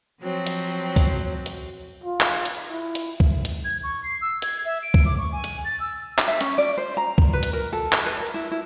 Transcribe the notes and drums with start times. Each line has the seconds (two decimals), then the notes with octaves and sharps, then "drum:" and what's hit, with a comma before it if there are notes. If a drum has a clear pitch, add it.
0.21 F3 F#3 C4
0.47 drum: hi-hat
0.96 drum: kick C#2, open hi-hat
1.46 drum: hi-hat
2.04 F4
2.21 drum: clap
2.45 drum: hi-hat
2.70 E4
2.95 drum: hi-hat
3.20 drum: kick C#2
3.45 drum: hi-hat
3.65 G#6
3.84 C#6
4.04 C7
4.22 E6
4.42 G#6, drum: hi-hat
4.65 E5
4.83 D7
4.94 drum: kick C#2
5.05 D6
5.18 C#6
5.32 G#5
5.44 drum: hi-hat
5.65 A6
5.80 E6
6.18 drum: clap
6.28 E5
6.41 C#4, drum: hi-hat
6.58 D5
6.77 C5
6.97 A#5
7.18 drum: kick C#2
7.33 B4
7.43 drum: hi-hat
7.53 A#4
7.73 A4
7.93 drum: clap
8.05 B4
8.20 A#4
8.34 E4
8.51 E4